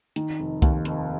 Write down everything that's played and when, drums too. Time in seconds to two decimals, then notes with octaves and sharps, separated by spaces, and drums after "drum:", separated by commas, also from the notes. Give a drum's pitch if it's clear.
0.16 D#3, drum: hi-hat
0.40 F1
0.62 D#2, drum: kick C2, hi-hat
0.85 F1, drum: hi-hat